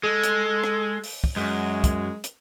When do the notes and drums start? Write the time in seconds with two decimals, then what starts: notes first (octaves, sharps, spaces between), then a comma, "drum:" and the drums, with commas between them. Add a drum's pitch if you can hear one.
0.03 G#3 A4
0.23 drum: hi-hat
0.64 drum: rim click
1.04 drum: open hi-hat
1.24 drum: kick
1.36 F#2 G#3
1.84 drum: kick, hi-hat
2.24 drum: hi-hat